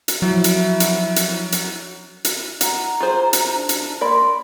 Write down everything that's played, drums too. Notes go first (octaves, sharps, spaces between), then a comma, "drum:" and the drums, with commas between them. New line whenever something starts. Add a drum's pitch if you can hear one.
drum: hi-hat
F3 F#3 E4
drum: hi-hat
drum: hi-hat
drum: hi-hat
drum: hi-hat
drum: hi-hat
F#5 A#5, drum: hi-hat
F4 G#4 C5
drum: hi-hat
D4
drum: hi-hat
A#3 D5 B5 C6